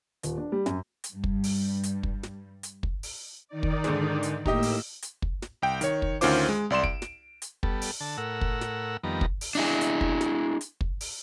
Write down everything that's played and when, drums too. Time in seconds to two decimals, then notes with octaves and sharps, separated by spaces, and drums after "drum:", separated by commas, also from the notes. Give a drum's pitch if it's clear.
0.23 D#1, drum: hi-hat
0.38 D4
0.52 G3
0.66 F#2, drum: snare
1.04 drum: hi-hat
1.14 G2 G3
1.24 drum: kick
1.44 drum: open hi-hat
1.83 drum: hi-hat
2.03 drum: kick
2.23 drum: snare
2.63 drum: hi-hat
2.83 drum: kick
3.03 drum: open hi-hat
3.48 D#3 D#4 D5
3.63 drum: kick
3.84 G#2 D3, drum: snare
4.23 drum: hi-hat
4.46 A2 A#3 D#4 G4 D#5 E6, drum: kick
4.63 drum: open hi-hat
5.02 drum: hi-hat
5.22 drum: kick
5.42 drum: snare
5.62 C2 G5
5.81 D#3 C#5, drum: hi-hat
6.02 drum: kick
6.21 D2 D#3 C#4 F4 C5 D6, drum: open hi-hat
6.49 G#3
6.70 C2 D5 C6 E7
6.84 D7, drum: kick
7.02 drum: snare
7.42 drum: hi-hat
7.63 G3 B3 A4, drum: kick
7.82 drum: open hi-hat
8.01 D3 A5
8.17 A2 A#4 F#5 E6
8.41 drum: kick
8.61 drum: snare
9.04 F2 D#3 G3 B3 A#5
9.21 drum: kick
9.41 drum: open hi-hat
9.55 D4 E4 G#4
9.81 drum: hi-hat
10.01 drum: kick
10.21 drum: snare
10.61 drum: hi-hat
10.81 drum: kick
11.01 drum: open hi-hat